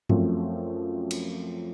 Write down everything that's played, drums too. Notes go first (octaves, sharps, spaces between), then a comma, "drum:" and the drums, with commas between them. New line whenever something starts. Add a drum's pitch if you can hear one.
F#2 F3 A3 C4 F#4, drum: tom G2
drum: cymbal